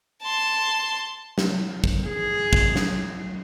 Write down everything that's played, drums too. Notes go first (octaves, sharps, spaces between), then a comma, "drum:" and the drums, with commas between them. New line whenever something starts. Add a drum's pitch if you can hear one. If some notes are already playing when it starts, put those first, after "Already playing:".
A5 C6
drum: snare
drum: kick
G#4
drum: kick
drum: snare